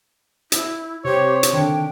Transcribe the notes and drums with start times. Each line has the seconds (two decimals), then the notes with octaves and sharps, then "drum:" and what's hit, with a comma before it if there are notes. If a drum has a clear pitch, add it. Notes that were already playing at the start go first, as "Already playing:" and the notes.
0.52 E4, drum: hi-hat
1.05 C3 G4 C5 C#5
1.43 drum: hi-hat
1.53 D3 D#3 D4 G5